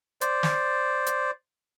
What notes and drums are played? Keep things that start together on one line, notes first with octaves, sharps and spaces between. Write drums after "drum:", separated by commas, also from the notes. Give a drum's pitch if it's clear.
C5 D5, drum: hi-hat
drum: snare
drum: hi-hat